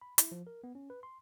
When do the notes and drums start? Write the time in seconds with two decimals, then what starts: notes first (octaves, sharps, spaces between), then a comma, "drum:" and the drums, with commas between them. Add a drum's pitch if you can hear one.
0.01 B5
0.18 E4, drum: hi-hat
0.32 F3
0.47 A#4
0.64 B3
0.75 C#4
0.90 B4
1.03 C6